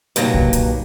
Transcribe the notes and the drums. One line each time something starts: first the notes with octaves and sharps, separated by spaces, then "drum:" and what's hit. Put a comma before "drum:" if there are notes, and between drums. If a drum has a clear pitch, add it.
G2 A#2 D#3 E3 F#3, drum: hi-hat
drum: kick
drum: hi-hat